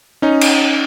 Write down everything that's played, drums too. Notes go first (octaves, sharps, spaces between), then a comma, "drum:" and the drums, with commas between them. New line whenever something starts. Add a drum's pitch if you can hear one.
C#4 D#4
drum: cymbal